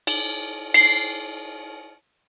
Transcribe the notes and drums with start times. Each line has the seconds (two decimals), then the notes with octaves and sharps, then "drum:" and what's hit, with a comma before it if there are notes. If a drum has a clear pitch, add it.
0.07 drum: cymbal
0.74 C7, drum: cymbal